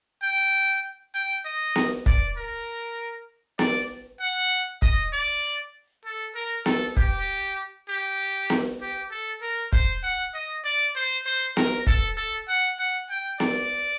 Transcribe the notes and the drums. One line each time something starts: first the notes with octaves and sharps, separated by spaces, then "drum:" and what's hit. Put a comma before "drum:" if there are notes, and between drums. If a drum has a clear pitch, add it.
G5
G5
D#5
drum: snare B3
D5, drum: kick
A#4
D5, drum: snare B3
F#5
D#5, drum: kick
D5
A4
A#4
A4, drum: snare B3
G4, drum: kick
G4
drum: snare B3
G4
A4
A#4
C5, drum: kick
F#5
D#5
D5
C5
C5
A#4, drum: snare B3
A4, drum: kick
A4
F#5
F#5
G5
D5, drum: snare B3